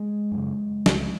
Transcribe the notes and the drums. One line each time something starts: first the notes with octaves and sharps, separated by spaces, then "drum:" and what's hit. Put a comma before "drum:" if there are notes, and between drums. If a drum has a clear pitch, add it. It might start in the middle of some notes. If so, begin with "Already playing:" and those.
Already playing: G#3
F#2
C#3
C#2 C#3, drum: snare